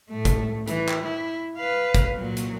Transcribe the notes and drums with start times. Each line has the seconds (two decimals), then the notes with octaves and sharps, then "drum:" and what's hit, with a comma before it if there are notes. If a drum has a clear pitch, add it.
0.10 A2 A3
0.25 drum: kick, hi-hat
0.68 E3, drum: hi-hat
0.89 drum: clap
1.04 E4
1.57 B4 F5
1.95 drum: kick, hi-hat
2.15 A#2 F#3
2.37 drum: hi-hat